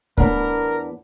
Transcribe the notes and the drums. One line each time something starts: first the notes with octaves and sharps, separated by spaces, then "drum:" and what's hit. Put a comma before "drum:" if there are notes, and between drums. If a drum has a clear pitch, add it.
E2 B3 D4 A#4, drum: kick